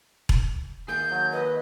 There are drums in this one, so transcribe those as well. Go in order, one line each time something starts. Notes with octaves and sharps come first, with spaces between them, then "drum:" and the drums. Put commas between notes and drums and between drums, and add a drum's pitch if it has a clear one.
drum: kick E1
D#2 A#3 G#4 G6
F#3
B4 D#5